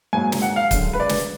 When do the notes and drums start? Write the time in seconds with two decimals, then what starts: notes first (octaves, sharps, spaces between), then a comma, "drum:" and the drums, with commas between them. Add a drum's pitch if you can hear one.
0.13 G#2 F#3 A#3 G#5
0.32 drum: snare
0.42 F#5
0.56 F5
0.71 F#2 D3 G#3, drum: kick C#1, hi-hat
0.93 B4
1.00 D5
1.09 drum: snare